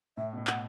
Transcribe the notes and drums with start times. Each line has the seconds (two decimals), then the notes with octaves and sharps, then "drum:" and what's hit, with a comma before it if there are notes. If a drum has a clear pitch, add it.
0.17 A2 E5
0.33 B2
0.37 A2
0.47 F#5, drum: clap